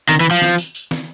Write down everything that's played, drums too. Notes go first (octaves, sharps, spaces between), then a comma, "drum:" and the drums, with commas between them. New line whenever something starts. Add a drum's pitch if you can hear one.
D#3, drum: snare
E3
F3
drum: snare
drum: tambourine
drum: tambourine
drum: snare